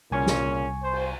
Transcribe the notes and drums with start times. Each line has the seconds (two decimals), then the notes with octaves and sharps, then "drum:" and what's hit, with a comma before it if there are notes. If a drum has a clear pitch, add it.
0.12 C2 A#2 C#3 C#4 G#5 C#6
0.27 drum: snare
0.83 C5
0.92 drum: cymbal